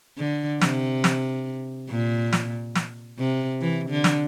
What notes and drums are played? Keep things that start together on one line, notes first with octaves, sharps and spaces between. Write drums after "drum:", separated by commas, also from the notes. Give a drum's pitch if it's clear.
D3
C3, drum: snare
drum: snare
A#2
drum: snare
drum: snare
C3
E3
D3
drum: snare